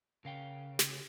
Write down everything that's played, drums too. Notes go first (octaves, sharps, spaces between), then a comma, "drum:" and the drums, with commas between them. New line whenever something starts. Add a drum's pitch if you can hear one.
C#3 A#4 F5 G5
drum: snare